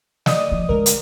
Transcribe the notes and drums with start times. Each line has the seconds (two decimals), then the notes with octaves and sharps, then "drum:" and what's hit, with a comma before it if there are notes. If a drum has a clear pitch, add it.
0.26 D5 D#5 D#6, drum: snare
0.52 F3
0.69 D3 G#3 A#4
0.86 drum: hi-hat